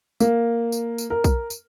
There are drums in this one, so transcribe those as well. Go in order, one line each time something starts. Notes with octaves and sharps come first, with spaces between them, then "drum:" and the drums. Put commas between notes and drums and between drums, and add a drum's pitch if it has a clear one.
A#3, drum: tambourine
drum: tambourine
drum: tambourine
A#4
drum: kick B1, tambourine
drum: tambourine